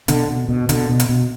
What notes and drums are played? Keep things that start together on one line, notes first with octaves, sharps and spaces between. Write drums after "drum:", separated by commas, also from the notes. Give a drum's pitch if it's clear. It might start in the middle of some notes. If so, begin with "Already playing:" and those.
B2 D3, drum: hi-hat
B2
B2
B2 D3, drum: hi-hat
B2
drum: hi-hat
B2